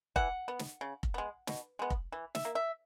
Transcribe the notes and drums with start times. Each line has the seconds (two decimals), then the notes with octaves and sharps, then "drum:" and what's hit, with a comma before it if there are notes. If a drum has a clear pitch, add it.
0.16 E3 F#5, drum: kick F1
0.48 B3
0.59 drum: snare
0.81 C#3
1.03 drum: kick F1
1.14 G#3 B3
1.47 B2, drum: snare
1.79 G#3 B3
1.90 drum: kick F1
2.12 E3
2.35 E5, drum: snare
2.45 A#3
2.55 E5